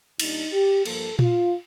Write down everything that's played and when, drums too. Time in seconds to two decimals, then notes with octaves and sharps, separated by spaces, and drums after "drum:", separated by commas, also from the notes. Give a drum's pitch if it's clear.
0.20 A#2 G3 D4 D#4, drum: cymbal
0.53 G4
0.85 G2 F3 A#3 A4, drum: cymbal
1.19 F4, drum: tom A#2